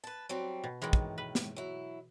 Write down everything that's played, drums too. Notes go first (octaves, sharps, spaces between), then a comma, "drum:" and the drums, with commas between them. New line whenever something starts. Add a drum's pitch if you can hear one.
B4 A5
F#3 G3 C4
B2
A2 D#3 E3 G#3
drum: kick
B4
drum: snare
F#3 E4